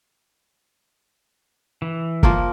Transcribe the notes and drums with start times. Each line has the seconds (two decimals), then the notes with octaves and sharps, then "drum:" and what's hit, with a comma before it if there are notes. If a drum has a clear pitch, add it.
1.82 E3
2.23 F3 A#3 A#4, drum: kick